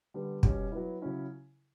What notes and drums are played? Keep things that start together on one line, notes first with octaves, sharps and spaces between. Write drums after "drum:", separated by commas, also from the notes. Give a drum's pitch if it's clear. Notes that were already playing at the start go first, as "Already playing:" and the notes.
D3 G3 B3
B2 G3 C#4, drum: kick
F#3 B3 E4
C#3 F#3 C#4 E4